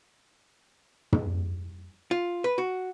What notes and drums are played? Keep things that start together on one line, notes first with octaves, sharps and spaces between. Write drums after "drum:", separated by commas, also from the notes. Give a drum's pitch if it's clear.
drum: tom
F4
B4
F#4